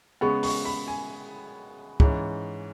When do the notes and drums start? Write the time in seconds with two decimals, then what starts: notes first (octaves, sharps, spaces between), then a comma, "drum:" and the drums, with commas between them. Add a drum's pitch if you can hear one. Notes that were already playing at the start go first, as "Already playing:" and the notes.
0.21 C#3 G#3 B3 C#6
0.43 C#6, drum: open hi-hat
0.65 B5
0.88 G#5
2.00 G#2 E3 C#4, drum: kick